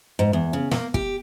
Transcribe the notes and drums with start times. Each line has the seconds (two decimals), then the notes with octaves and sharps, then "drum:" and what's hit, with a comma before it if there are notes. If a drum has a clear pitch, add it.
0.19 G#2
0.33 E2
0.53 C#3
0.71 A#3, drum: snare
0.94 G4, drum: kick